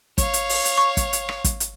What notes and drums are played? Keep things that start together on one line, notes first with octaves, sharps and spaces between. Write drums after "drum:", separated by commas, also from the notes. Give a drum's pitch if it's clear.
C#5 F5, drum: kick, hi-hat
drum: hi-hat
drum: open hi-hat
drum: hi-hat
C#6
drum: kick, hi-hat
drum: hi-hat
drum: rim click
drum: kick, hi-hat
drum: hi-hat